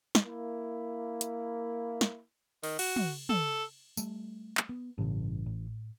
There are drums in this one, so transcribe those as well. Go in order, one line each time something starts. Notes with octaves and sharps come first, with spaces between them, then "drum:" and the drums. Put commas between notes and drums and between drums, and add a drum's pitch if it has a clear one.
drum: snare
A#3 E4
drum: hi-hat
drum: snare
D#3, drum: open hi-hat
F#4, drum: cymbal
drum: tom
A4, drum: tom
G3 A3, drum: tambourine
drum: clap
B3
A1 G2 C#3
A2